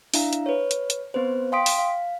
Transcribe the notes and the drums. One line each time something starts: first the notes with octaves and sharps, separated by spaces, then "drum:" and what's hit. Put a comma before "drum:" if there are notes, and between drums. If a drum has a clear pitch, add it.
D4 E4 E5 F5 A#5, drum: open hi-hat
drum: hi-hat
B4 C#5
drum: hi-hat
drum: hi-hat
B3 C4 B4 C5
F5 G5 C6 D#6 B6 D7
drum: open hi-hat
F5